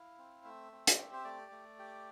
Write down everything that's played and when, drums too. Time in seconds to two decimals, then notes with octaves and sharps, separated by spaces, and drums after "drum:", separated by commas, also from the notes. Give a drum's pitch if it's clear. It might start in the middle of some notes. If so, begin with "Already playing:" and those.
Already playing: E4 F5
0.18 C4
0.45 A3 E5
0.72 C4
0.87 drum: hi-hat
0.98 G4
1.13 C5
1.25 A3 D5
1.52 A3
1.79 G4